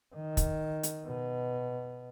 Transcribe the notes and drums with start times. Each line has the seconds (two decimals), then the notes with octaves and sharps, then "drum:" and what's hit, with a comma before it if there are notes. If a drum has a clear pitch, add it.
0.14 D#3
0.37 drum: kick, hi-hat
0.83 drum: hi-hat
1.06 B2